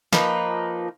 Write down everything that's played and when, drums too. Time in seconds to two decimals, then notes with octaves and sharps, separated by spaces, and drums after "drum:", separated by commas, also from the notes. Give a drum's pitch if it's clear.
0.13 F3 A#3 D#4 B4, drum: snare